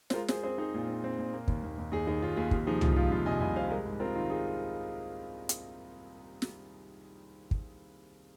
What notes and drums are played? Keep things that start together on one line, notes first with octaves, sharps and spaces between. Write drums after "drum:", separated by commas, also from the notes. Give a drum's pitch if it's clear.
C5, drum: snare
G#3 F4 A#4
G#3 G#4 C5, drum: snare
C4 G#4 C5
C4 D#4 G#4
A#2 F4
C4
C4
A#2
A#3
D#2, drum: kick
D#2
D#2
D#2 D#4 G#4
D#2 D#4 G#4
D#2 F4
D#2 D#4 G#4
C3 F4, drum: kick
F3 D#4 G#4
C2 F4, drum: tom
F3 F4
C2 F4
C2 D#5 G#5
C2 D#5 G#5
C3 C5 F5
G#3 A#4 D#5
G#2
C4 F4 A#4
D#3 F4
G#3 D#4 G#4
drum: hi-hat
drum: snare
drum: kick